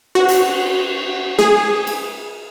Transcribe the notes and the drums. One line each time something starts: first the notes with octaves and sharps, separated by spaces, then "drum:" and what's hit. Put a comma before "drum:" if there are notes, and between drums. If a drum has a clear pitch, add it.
F#4, drum: cymbal
drum: hi-hat
G#4, drum: snare
drum: cymbal